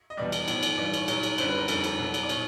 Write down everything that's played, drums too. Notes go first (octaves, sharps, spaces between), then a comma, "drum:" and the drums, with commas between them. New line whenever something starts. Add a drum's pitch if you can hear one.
D#5
E2 B2 G3 D5
drum: cymbal
A2 F3, drum: cymbal
drum: cymbal
G2 E3 G3 D5
C#5, drum: cymbal
A#2 F#3 C#5, drum: cymbal
drum: cymbal
F#2 D3 G3 C5, drum: cymbal
B4
A#4
F2 D3 G3 A4, drum: cymbal
drum: cymbal
B2 F#3
drum: cymbal
D5
A#2 C#5, drum: cymbal